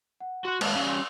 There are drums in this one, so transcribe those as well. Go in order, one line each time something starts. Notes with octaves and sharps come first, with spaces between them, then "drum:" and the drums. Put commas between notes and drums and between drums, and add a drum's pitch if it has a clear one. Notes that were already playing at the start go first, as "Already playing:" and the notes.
F#5
F#4 F#5 C6 C#6 F#6
G#3 A#3 C#5 E5 A5, drum: cymbal
G3 C#4 F5
C6